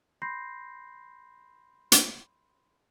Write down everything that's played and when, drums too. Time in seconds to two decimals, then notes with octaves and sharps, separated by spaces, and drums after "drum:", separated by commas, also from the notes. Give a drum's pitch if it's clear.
0.22 B5 C6 G6 A#6 C7
1.92 drum: hi-hat